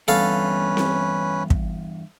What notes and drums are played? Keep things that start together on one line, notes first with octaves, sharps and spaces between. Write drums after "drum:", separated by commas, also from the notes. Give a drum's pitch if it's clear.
E2 G2 C#4 A4 B4 F5
drum: snare C4
drum: kick